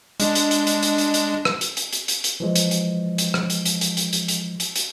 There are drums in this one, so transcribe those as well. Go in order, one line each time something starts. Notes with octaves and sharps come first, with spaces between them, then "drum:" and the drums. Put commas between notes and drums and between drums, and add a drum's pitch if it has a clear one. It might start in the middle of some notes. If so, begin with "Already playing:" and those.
G#3 D4, drum: hi-hat
drum: hi-hat
drum: hi-hat
drum: hi-hat
drum: hi-hat
drum: hi-hat
drum: hi-hat
drum: rim click
drum: hi-hat
drum: hi-hat
drum: hi-hat
drum: hi-hat
drum: hi-hat
E3 F3 G#3
drum: hi-hat
drum: hi-hat
drum: hi-hat
drum: rim click
drum: hi-hat
drum: hi-hat
drum: hi-hat
drum: hi-hat
drum: hi-hat
drum: hi-hat
drum: hi-hat
drum: hi-hat